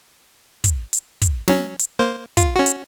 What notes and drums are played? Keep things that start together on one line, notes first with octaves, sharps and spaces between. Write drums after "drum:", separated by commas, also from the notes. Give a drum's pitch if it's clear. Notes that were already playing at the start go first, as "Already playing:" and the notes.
drum: kick, hi-hat
drum: hi-hat
drum: kick, hi-hat
F#3 C#4, drum: snare
drum: hi-hat
A#3 C5
F4, drum: kick, hi-hat
C#4 F#4
drum: hi-hat